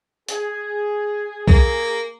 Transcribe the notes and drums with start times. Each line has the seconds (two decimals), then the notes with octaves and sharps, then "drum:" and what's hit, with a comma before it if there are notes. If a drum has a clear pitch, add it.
0.28 G#4, drum: hi-hat
1.48 A#3, drum: kick B1